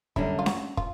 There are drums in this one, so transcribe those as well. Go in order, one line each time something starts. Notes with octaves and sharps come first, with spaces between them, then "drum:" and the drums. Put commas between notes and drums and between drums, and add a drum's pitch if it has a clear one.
F#2 D3 G3 E4, drum: kick
F4
F#4, drum: snare C#4
F4, drum: kick